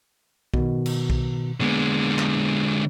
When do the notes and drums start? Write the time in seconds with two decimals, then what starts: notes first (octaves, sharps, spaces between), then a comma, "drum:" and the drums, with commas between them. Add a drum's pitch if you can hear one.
0.54 B2 D#3, drum: kick B1
0.86 drum: cymbal
1.10 drum: kick B1
1.61 D3 G#3 A#3 B3
2.19 drum: clap